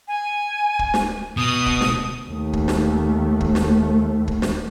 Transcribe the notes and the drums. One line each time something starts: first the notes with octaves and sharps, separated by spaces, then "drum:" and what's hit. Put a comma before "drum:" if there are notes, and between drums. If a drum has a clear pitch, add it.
G#5
drum: kick
drum: snare
B2 D#6
drum: kick
drum: snare
D#2 A3
drum: kick
drum: snare
drum: kick
drum: snare
drum: kick
drum: snare